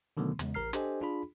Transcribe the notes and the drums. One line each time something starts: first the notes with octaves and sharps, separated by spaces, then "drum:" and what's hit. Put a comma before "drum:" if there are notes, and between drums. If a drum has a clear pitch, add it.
B2 D3 D#3 F#3 A3 B3
E2 C#3 G#3, drum: hi-hat
A1 A#4 A#5 F6 C7
D4 G4 A4 C5 D#5 G#5, drum: hi-hat
D4 F4 G#4 B5